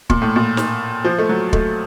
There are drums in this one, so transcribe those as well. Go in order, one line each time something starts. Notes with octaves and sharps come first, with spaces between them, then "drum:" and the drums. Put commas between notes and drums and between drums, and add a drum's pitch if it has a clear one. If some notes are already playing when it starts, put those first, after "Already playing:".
A#2, drum: kick
A2
A#2
drum: snare
F3
A3
F#3
A3, drum: kick